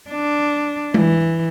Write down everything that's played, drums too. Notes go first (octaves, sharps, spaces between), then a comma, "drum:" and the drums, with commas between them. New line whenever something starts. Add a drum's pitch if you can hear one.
D4
E3, drum: tom G#3